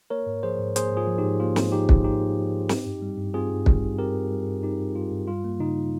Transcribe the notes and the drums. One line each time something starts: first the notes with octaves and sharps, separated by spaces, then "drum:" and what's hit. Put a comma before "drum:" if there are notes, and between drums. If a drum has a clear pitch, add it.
A#3 A#4 C#5
G#2
F3 G#4 C5
G#2
A#3 G#4 C5, drum: hi-hat
G#2
F4 G#4
F3
D#4 G4
G#2
A#3 F4
G#2, drum: snare
F3 D#4 G4
G#2, drum: kick
A#3 D#4 G4
G#2
F3
G#2
C4, drum: snare
G2
G3
G2
C4 F4 G#4
G2
G3, drum: kick
G2
C4 G4 A#4
G2
G3
G2
C4 D#4 G4
G2
G3 F4
G2
G3 F4
A#3
C#3 D#4